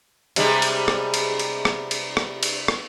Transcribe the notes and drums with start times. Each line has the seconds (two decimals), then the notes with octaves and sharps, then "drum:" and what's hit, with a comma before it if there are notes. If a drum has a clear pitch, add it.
0.36 C3 G3 G#3, drum: cymbal
0.62 drum: cymbal
0.88 drum: rim click
1.14 drum: cymbal
1.39 drum: cymbal
1.65 drum: rim click
1.91 drum: cymbal
2.17 drum: rim click
2.43 drum: cymbal
2.68 drum: rim click